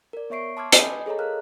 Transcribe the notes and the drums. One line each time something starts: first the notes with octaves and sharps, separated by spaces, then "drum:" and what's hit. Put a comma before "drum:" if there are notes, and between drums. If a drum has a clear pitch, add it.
A#4 D5
B3 C#5 E5 C#6 C7 D7
A5 C6 D6 E6 F6 G#6
B4 D#5 G#5 B5 D#6 G6, drum: hi-hat
G#4 A4 C#5 D#5 A#5
A#4 F5 A#5 F6 F#6